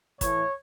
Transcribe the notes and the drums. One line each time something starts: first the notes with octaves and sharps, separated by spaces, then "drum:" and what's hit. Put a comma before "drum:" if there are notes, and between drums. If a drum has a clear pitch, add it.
A2 E3 A3 C#5, drum: kick, hi-hat